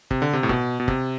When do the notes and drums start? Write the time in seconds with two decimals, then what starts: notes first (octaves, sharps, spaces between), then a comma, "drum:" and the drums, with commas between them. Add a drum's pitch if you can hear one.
0.11 C3, drum: kick
0.22 D3
0.33 C3
0.43 A2
0.49 B2, drum: kick
0.80 B2
0.88 C3, drum: kick